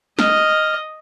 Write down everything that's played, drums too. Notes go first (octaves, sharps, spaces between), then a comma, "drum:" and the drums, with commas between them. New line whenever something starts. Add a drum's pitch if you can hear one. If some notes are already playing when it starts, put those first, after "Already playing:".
D#5 F6, drum: snare